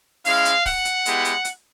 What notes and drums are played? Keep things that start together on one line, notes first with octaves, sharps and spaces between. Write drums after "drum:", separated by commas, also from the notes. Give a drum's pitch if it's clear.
G#3 C#4 E4 F5, drum: open hi-hat
drum: hi-hat
F#5, drum: kick, open hi-hat
drum: hi-hat
G#3 B3 E4 G4, drum: hi-hat
drum: hi-hat
drum: hi-hat